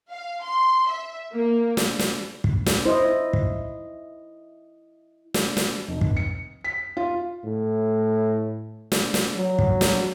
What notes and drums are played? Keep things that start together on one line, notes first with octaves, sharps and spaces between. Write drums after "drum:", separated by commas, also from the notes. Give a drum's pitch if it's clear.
F5
C6
E5
A#3
drum: snare
drum: snare
drum: kick
drum: snare
E4 C5 D#5
drum: kick
drum: snare
drum: snare
F1
drum: kick
C#7
B6
F4
A2
drum: snare
drum: snare
F#3
drum: kick
drum: snare